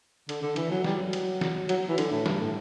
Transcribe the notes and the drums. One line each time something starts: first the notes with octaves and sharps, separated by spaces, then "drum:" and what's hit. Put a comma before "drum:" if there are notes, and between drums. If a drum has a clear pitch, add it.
D3, drum: cymbal
D3
E3, drum: cymbal
F#3
G3, drum: snare
F#3
drum: cymbal
drum: snare
F#3, drum: cymbal
E3
D3, drum: cymbal
A2
G2, drum: snare
A2